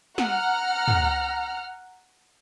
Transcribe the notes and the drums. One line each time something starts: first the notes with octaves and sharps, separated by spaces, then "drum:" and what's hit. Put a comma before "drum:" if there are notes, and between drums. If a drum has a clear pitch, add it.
F#5 A#5 F6, drum: snare
drum: tom